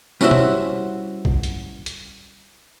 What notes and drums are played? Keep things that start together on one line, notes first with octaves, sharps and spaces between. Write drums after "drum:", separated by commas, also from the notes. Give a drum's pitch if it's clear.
G3 C#4 E4 F#4 C5 E5, drum: tambourine
drum: tom
drum: kick A#1
drum: hi-hat
drum: hi-hat